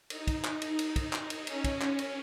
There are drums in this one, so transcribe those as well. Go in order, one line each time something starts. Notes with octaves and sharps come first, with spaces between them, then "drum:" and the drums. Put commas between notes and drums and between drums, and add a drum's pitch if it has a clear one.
D#4, drum: cymbal
drum: kick, cymbal
drum: clap
drum: cymbal
drum: cymbal
drum: kick, cymbal
drum: clap
drum: cymbal
C#4, drum: cymbal
drum: kick, cymbal
drum: clap
drum: cymbal